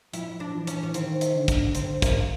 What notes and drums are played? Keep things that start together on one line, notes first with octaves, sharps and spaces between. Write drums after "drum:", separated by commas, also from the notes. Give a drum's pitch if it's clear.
F3 E4, drum: hi-hat
D4
E3
C#4, drum: hi-hat
C#4
D#3 C4, drum: hi-hat
drum: hi-hat
D3
drum: kick, hi-hat
D3 C4, drum: hi-hat
A#3, drum: kick, hi-hat